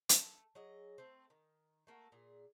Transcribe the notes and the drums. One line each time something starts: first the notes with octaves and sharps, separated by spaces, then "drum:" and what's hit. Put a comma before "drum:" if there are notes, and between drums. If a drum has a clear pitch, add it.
A3, drum: hi-hat
F#3 G#4 D#5
A3 C4
D#3
A3 A#3 F#4
A#2 G#4